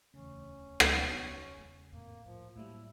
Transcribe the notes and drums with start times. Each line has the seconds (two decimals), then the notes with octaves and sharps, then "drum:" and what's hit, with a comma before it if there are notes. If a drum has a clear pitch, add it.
0.14 D1 E2 C#3 C#4
0.80 drum: rim click
1.58 G#3 E4
1.91 F2 A2 A#3
2.25 C2 A2 F3
2.56 A2 F#3 G3 A#3 D#4 E4